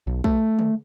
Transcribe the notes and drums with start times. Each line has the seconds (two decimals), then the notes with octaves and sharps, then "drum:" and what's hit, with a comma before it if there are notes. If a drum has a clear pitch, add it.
0.07 B1
0.24 A3, drum: kick
0.59 drum: tom